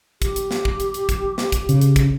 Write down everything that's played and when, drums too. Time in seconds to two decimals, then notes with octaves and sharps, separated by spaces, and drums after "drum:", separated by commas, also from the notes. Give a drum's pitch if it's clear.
0.22 G4, drum: kick, hi-hat
0.36 drum: hi-hat
0.51 drum: snare
0.65 drum: kick
0.80 drum: hi-hat
0.94 drum: hi-hat
1.09 drum: kick, hi-hat
1.38 drum: snare
1.52 drum: kick, hi-hat
1.69 C#3, drum: hi-hat
1.81 drum: hi-hat
1.96 drum: kick, hi-hat